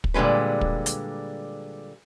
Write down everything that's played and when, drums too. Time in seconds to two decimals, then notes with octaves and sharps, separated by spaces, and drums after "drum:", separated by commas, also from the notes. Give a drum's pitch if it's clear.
0.04 drum: kick
0.14 A#2 D3 G3 G#3 B4
0.61 drum: kick
0.86 drum: hi-hat